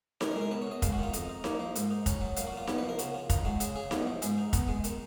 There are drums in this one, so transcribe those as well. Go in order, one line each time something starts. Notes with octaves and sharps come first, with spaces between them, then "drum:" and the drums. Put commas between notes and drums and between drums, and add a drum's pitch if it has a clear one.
D#4 A#4, drum: snare D#4
A#4
G#3
A#4
B2 B4
C#5
B2 D#5
G#3 F5, drum: kick, hi-hat
F#4
D#3 F4
F2 D#5, drum: hi-hat
D#4
A#3, drum: snare D#4
F3
G#2, drum: hi-hat
D#4
C#4, drum: kick, hi-hat
F#3
A#2 F5, drum: hi-hat
F#4
A#2 F4
B3 B4, drum: snare D#4
B4
F3
A#4
C#3 F#4, drum: hi-hat
F4
D#4 F4, drum: kick, hi-hat
G#3 F#4
C#3 G#4, drum: hi-hat
C#3 G#4
B3 F4, drum: snare D#4
F3
G#2 G#4, drum: hi-hat
D#4
B3, drum: kick, hi-hat
G#3
D#3, drum: hi-hat